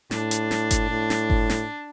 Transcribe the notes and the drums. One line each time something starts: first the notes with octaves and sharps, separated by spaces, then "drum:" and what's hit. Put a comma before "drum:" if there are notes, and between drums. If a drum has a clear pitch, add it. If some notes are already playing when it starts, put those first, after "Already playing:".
A2 D4, drum: snare
drum: hi-hat
drum: snare
drum: kick G1, hi-hat
A2
drum: snare
drum: kick G1
drum: snare